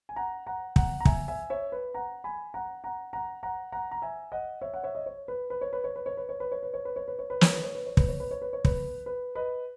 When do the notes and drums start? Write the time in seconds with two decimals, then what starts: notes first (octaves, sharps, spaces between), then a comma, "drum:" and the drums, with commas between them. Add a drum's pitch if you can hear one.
0.09 G#5
0.16 F#5 A#5
0.47 F#5 A#5
0.76 F#5 A#5, drum: kick
1.00 A#5
1.05 E5 G#5, drum: kick
1.28 E5 G#5
1.50 C#5 E5
1.72 B4
1.94 F#5 A#5
2.24 G#5 B5
2.54 F#5 A#5
2.84 F#5 A#5
3.13 F#5 A#5
3.43 F#5 A#5
3.72 F#5 A#5
3.91 A#5
4.02 E5 G#5
4.32 D#5 F#5
4.61 C#5 E5
4.74 F#5
4.83 C#5 E5
4.95 D#5
5.06 C#5
5.28 B4
5.50 B4
5.61 C#5
5.73 B4
5.84 C#5
5.96 B4
6.06 C#5
6.17 B4
6.29 C#5
6.40 B4
6.52 C#5
6.63 B4
6.74 C#5
6.85 B4
6.96 C#5
7.08 B4
7.19 C#5
7.30 B4
7.41 C#5, drum: snare
7.52 B4
7.64 C#5
7.75 B4
7.86 C#5
7.97 B4, drum: kick
8.08 C#5
8.20 B4
8.31 C#5
8.42 B4
8.53 C#5
8.65 B4, drum: kick
9.06 B4
9.35 B4 D#5